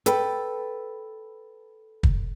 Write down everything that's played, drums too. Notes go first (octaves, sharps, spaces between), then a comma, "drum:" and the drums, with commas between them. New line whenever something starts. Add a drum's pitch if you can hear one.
A4 B4 G5, drum: hi-hat
drum: kick